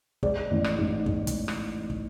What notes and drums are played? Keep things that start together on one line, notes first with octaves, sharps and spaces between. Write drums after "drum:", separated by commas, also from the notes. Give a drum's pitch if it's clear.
G#3 D5, drum: kick
A1
drum: rim click
G#2
G#2, drum: kick
drum: kick, hi-hat
drum: rim click
drum: kick